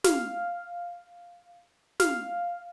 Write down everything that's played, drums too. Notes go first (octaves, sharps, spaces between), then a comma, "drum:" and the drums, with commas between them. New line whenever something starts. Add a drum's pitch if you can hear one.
F5, drum: snare
F5, drum: snare